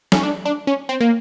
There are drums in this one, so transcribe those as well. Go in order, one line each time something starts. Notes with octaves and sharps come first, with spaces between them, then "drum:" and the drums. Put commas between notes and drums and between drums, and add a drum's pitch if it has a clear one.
C#4, drum: snare
D4
D4
C#4
C4
A#3